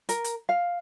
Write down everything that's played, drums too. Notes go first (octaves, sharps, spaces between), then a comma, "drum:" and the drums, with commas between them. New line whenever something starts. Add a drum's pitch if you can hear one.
A#4, drum: hi-hat
drum: hi-hat
F5